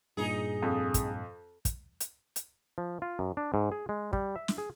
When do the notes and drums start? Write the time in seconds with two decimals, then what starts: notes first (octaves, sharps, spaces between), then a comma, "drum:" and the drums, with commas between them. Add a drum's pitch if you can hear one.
0.17 G2 A#2 D#4 G#4
0.62 F2
0.94 drum: kick, hi-hat
1.65 drum: kick, hi-hat
2.00 drum: hi-hat
2.36 drum: hi-hat
2.78 F3
3.02 F4
3.19 F#2
3.37 D4
3.54 G#2
3.72 G#4
3.89 G#3
4.13 G3, drum: kick
4.36 E5
4.48 drum: snare
4.58 G#4